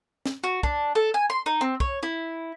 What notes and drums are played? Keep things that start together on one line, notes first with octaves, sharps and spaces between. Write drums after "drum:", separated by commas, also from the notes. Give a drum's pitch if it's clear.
drum: snare
F#4
D4, drum: kick
A4
G#5
C6
D#4
C4
C#5, drum: kick
E4